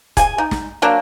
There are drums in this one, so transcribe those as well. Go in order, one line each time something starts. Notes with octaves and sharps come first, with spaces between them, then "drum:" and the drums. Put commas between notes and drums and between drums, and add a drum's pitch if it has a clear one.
G#4 G#5, drum: kick, hi-hat
D#4
drum: snare
F#3 A#3 D4